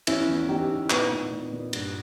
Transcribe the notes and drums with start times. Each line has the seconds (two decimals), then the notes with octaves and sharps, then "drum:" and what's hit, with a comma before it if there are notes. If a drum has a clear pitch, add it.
0.07 E3 C#4 E4, drum: cymbal
0.29 E2
0.49 E2 D#4 G4
0.70 E3
0.90 A#2 B3 D#4, drum: clap
1.12 A#2
1.31 A#2
1.52 A#2
1.73 G2, drum: cymbal